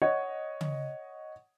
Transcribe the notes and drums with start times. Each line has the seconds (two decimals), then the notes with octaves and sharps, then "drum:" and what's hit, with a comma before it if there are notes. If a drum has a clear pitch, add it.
0.02 C#5 D#5 F#5
0.61 drum: tom C#3